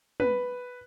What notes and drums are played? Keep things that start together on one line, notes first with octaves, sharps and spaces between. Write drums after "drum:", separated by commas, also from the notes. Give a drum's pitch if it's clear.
B4, drum: tom